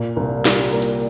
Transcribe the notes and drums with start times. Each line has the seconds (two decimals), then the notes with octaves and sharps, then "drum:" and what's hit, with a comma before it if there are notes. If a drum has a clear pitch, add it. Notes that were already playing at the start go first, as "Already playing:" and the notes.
Already playing: A#2
0.17 C2
0.45 G3, drum: snare
0.73 A#3
0.82 drum: hi-hat